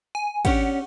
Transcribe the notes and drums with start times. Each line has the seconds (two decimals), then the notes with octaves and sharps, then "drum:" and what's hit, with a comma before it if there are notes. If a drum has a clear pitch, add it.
0.15 G#5
0.45 C#4 D4 G4 F#5, drum: kick, cymbal